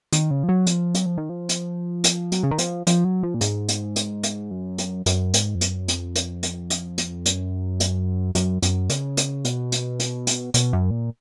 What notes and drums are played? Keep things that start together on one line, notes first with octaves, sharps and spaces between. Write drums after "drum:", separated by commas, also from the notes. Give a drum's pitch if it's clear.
D#3, drum: hi-hat
C#3
F3
F#3
F3, drum: hi-hat
F#3, drum: hi-hat
F3
D#3
F3
drum: hi-hat
drum: hi-hat
F#3, drum: hi-hat
C#3
D#3
F3, drum: hi-hat
F3, drum: hi-hat
F#3
F3
A#2
G#2, drum: hi-hat
drum: hi-hat
drum: hi-hat
drum: hi-hat
F#2
drum: hi-hat
F#2, drum: hi-hat
G#2, drum: hi-hat
F2
F#2, drum: hi-hat
F2, drum: hi-hat
drum: hi-hat
drum: hi-hat
drum: hi-hat
drum: hi-hat
F#2, drum: hi-hat
drum: hi-hat
F#2, drum: hi-hat
F#2, drum: hi-hat
C#3, drum: hi-hat
drum: hi-hat
B2, drum: hi-hat
drum: hi-hat
drum: hi-hat
drum: hi-hat
B2, drum: hi-hat
F#2
A#2